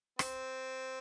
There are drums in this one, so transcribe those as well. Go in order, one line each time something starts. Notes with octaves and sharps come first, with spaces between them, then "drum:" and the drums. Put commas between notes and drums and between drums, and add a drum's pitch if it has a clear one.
C4, drum: rim click